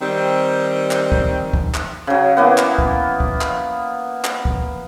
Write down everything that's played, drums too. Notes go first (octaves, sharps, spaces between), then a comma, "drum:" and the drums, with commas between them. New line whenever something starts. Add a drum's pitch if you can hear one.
D#3 G3 C4
drum: clap
drum: kick
drum: kick
drum: clap
C#3 F#3
E3 A#3 B3
drum: clap
drum: kick
drum: kick
drum: clap
drum: clap
drum: kick